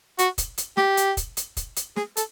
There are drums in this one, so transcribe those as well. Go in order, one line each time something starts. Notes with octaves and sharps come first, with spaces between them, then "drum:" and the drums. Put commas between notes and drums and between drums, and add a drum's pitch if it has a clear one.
F#4, drum: hi-hat
drum: kick, hi-hat
drum: hi-hat
G4, drum: snare
drum: hi-hat
drum: kick, hi-hat
drum: hi-hat
drum: kick, hi-hat
drum: hi-hat
G#4, drum: snare
A4, drum: hi-hat